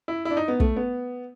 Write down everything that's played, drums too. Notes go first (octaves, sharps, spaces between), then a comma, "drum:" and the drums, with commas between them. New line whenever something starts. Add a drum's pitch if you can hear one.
E4
E4
D4
D#4
B3
A3, drum: kick
B3